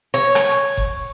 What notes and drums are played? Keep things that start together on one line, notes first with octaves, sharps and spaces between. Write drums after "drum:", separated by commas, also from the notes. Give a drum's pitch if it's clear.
C#5
drum: rim click
drum: kick F#1